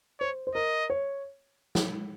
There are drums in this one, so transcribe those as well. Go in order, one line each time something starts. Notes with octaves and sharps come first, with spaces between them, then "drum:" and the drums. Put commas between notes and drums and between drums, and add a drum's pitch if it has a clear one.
C5 C#5
C5
A#4 D#5
C#5
drum: snare